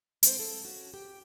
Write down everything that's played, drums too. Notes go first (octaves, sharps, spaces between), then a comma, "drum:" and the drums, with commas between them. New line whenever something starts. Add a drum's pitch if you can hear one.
G#3 C4 E4 G#4 A4 C5, drum: hi-hat
F3 A4
C#4 F#4
G4 G5